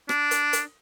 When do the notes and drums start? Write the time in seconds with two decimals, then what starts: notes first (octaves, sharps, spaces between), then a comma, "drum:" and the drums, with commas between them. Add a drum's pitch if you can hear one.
0.09 D4, drum: rim click
0.31 drum: hi-hat
0.53 drum: hi-hat